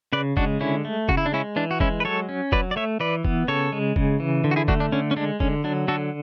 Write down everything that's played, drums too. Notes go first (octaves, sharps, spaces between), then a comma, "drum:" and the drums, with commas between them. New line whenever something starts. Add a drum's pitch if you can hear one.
C#3 B4 D5
G#3 D4 F#4, drum: kick F1
D3 C#4 E4
A3
C#3 F#4, drum: kick F1
E4
D4
G#3 C#4 E4
E3 D4
F#4
G#3 C#4 E4, drum: kick F1
B4
F#3 A4 C#5
C#4
F#3 B4 D5, drum: kick F1
D5
A3 C#5 E5
E3 B4 D5
B3, drum: kick F1
C#3 A4 C#5
G#3
C#3, drum: kick F1
E3
D3
F#4
E4 G#4
A3 D4 F#4, drum: kick F1
D4
D3 C#4
C#4
G#3 D4
D3 C#4, drum: kick F1
F#3 D4
D3 F#4 A4